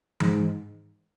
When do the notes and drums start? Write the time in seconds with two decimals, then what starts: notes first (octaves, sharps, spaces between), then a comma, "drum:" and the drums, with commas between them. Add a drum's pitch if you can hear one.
0.20 G#2, drum: tom E3